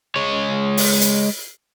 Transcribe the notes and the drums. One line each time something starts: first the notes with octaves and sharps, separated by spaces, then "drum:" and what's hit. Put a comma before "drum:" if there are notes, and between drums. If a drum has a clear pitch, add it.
G#3 C#5
drum: open hi-hat
drum: hi-hat